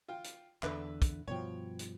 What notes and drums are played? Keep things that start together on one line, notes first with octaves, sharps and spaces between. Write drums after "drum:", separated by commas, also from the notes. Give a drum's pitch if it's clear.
F4 G5
drum: hi-hat
E2 D3 B4 E5, drum: clap
drum: kick, hi-hat
G2 B2 F3 C#5 G5
drum: hi-hat